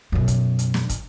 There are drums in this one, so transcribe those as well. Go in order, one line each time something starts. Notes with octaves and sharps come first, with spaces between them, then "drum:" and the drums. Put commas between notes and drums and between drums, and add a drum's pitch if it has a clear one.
F#2 B2
drum: kick, hi-hat
drum: hi-hat
drum: snare
drum: kick, hi-hat